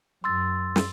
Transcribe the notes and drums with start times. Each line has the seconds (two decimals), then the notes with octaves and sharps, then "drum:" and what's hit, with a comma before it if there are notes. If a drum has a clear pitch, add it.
0.24 F#2 C6 E6 A6
0.76 drum: snare